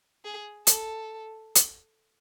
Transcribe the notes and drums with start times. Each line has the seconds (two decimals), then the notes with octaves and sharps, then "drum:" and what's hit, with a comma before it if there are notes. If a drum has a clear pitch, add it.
0.25 G#4
0.67 A4, drum: hi-hat
1.55 drum: hi-hat